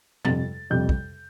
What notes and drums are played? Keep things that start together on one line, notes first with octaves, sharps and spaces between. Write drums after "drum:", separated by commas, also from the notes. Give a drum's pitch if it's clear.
F2 C3 G3 A6, drum: tom G2
F2 C3 G3 G6
drum: kick